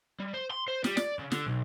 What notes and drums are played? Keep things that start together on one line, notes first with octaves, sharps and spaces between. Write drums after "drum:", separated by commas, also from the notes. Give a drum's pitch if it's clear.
G3
C5
C6
C5
G3, drum: snare
D5, drum: snare
C#3
D3, drum: snare
B1